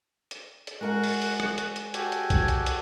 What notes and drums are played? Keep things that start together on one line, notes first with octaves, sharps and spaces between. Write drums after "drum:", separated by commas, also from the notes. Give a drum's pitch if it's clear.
drum: hi-hat
drum: hi-hat
G#3 F#4 A#4 F#5
drum: open hi-hat
drum: open hi-hat
drum: rim click
drum: hi-hat
drum: hi-hat
F#4 G4 A4 G#5, drum: hi-hat
drum: hi-hat
drum: kick B1, hi-hat
drum: hi-hat
drum: hi-hat